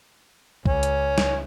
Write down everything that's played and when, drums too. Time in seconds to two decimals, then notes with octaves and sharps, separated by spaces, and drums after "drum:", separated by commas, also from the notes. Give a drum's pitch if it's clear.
0.66 C#2 C#4, drum: kick B1
0.83 drum: hi-hat
1.18 drum: snare